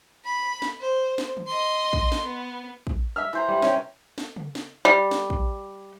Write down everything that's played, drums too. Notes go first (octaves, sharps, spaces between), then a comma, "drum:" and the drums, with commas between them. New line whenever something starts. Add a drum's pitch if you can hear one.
B5
drum: snare
C5
drum: snare
drum: tom D#3
D#5 C6
drum: kick
drum: snare
B3
drum: kick
E5 E6 F6
E3 C5 A#5
G3
C3 C#4 C#5 G5, drum: snare
drum: snare
drum: tom C#3
drum: snare
G3
drum: snare
drum: kick